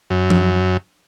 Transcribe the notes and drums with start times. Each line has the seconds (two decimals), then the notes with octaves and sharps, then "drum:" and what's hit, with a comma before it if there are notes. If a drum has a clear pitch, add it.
0.10 F#2
0.30 drum: tom F3